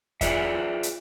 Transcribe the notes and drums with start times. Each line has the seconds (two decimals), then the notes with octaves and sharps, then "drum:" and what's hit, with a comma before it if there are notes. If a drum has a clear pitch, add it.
0.21 F4 G#4 B4 D5 E5, drum: kick E2, hi-hat
0.83 drum: hi-hat